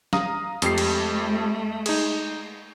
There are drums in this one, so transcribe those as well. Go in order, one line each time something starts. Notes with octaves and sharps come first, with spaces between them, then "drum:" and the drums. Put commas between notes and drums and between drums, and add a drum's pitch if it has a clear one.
F5 A#5 D#6, drum: snare
F2 G#3 A3 G4 C7, drum: hi-hat
drum: cymbal
D#4 G#4, drum: cymbal